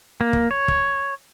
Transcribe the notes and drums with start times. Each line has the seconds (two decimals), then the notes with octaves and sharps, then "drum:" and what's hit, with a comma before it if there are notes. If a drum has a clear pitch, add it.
0.21 A#3
0.33 drum: kick
0.51 C#5
0.68 drum: kick